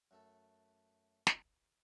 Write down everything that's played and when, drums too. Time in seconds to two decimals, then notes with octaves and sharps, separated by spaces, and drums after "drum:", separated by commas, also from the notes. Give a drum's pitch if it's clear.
0.11 F#2 A3 A4
1.27 drum: snare